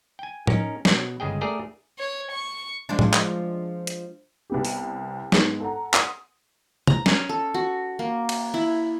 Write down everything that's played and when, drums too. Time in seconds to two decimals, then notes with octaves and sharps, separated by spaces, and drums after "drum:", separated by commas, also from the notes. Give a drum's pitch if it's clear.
0.19 G5 G#5
0.47 C#4 D#4 A#4, drum: tom A2
0.85 B2 F#3, drum: snare
1.20 G1 C#3 G#3 G#4 G5
1.41 A3 G#4 A#4 D5 G5
1.99 C#5
2.32 C#6
2.89 F3 G#3 D4
2.99 drum: tom A2
3.13 drum: clap
3.87 drum: hi-hat
4.50 C2 B3 G4
4.65 drum: open hi-hat
5.32 G#2 G#3 B3, drum: snare
5.60 A4 F#5 A#5
5.94 F#5 C6 D#6, drum: clap
6.87 A#5, drum: tom C3
7.06 C#4, drum: snare
7.29 A4
7.54 F#4
7.99 A#3
8.29 drum: cymbal
8.54 E4